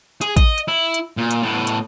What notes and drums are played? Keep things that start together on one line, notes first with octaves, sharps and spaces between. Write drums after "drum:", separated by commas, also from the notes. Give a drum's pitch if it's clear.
G#4, drum: hi-hat
D#5, drum: kick, hi-hat
drum: hi-hat
E4
drum: hi-hat
A#2
drum: hi-hat
A2 B3
drum: hi-hat